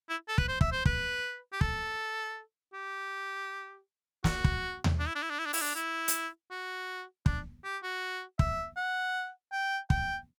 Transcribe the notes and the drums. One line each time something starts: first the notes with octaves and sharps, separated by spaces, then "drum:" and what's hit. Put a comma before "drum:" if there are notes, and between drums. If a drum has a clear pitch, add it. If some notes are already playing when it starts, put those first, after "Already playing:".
E4
A4
B4, drum: kick
C5
E5, drum: kick
C5
B4, drum: kick
G4
A4, drum: kick
G4
F#4, drum: snare
drum: kick
drum: tom D#2
D4
E4
D4
E4
D4
E4
D4
E4, drum: open hi-hat
D4
E4
drum: hi-hat
F#4
D4, drum: kick
G4
F#4
E5, drum: kick
F#5
G5
G5, drum: kick